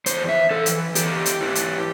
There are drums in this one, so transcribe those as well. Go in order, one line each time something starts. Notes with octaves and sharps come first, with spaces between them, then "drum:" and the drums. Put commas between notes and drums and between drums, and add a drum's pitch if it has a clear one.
E2 C5, drum: hi-hat
E5
E3 A4
drum: hi-hat
E2 G4, drum: hi-hat
drum: hi-hat
E3
drum: hi-hat